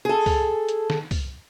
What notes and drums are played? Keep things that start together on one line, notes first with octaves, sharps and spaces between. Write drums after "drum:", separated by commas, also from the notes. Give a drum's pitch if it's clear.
G#4 A4
drum: kick C2, open hi-hat
drum: hi-hat
drum: snare
drum: kick C2, open hi-hat